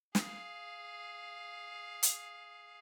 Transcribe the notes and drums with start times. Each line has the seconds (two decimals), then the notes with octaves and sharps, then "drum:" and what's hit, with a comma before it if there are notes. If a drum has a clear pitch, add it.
0.15 G#4 F5, drum: snare
2.03 drum: hi-hat